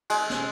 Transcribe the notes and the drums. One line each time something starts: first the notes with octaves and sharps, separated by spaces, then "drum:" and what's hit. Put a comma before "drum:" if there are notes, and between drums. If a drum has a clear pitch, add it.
G#3, drum: cymbal
drum: snare